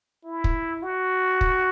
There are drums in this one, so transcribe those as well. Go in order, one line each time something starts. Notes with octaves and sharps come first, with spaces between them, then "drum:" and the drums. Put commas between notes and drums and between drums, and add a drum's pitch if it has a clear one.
E4
drum: kick
F#4
drum: kick